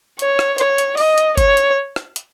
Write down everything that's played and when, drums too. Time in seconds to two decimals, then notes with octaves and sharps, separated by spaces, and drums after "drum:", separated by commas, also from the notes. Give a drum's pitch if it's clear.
0.19 C#5, drum: hi-hat
0.39 drum: rim click
0.58 C#5, drum: hi-hat
0.78 drum: hi-hat
0.97 D#5, drum: open hi-hat
1.18 drum: hi-hat
1.38 C#5, drum: kick G1, hi-hat
1.57 drum: hi-hat
1.96 drum: rim click
2.16 drum: hi-hat